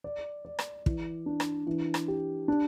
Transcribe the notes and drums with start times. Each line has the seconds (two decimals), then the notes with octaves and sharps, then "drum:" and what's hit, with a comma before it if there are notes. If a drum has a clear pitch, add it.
0.04 D5
0.45 D5
0.59 drum: rim click
0.86 E3, drum: kick
1.26 D4
1.40 drum: rim click
1.67 E3
1.94 drum: rim click
2.08 G4
2.48 D4